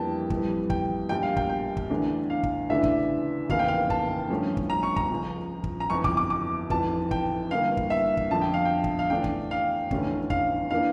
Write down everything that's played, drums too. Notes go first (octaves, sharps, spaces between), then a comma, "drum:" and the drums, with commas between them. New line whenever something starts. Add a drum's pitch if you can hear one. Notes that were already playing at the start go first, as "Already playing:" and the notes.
Already playing: F2 E3 G3 A#3 D4 G5 A5
F2 E3 G3, drum: kick
G5, drum: kick
A#1 A#2 G3 G5
F5
G5, drum: kick
G5
drum: kick
E2 D3 A3 D4
F5
drum: kick
D2 C#3 E3 A3 D4 E5
drum: kick
F1 E2 C#3 E3 A#3 F5, drum: kick
G5
F5
A5, drum: kick
A1 G2 F3 A3 C#4
drum: kick
A#5
C#6
A#5, drum: kick
C#2 C#3 F3
drum: kick
A#5
G1 F2 E3 C#6
D6, drum: kick
D6
D6
F1 F2 E3 A5, drum: kick
G5, drum: kick
G1 G2 E3 A#3 F5
drum: kick
E5
drum: kick
F2 D3 F3 A5
G5
F5
G5
drum: kick
F5
E2 D3 A3 D4 G5
drum: kick
F5
F1 E2 D3 A3 C#4, drum: kick
F5, drum: kick
E3 A#3 D4 F5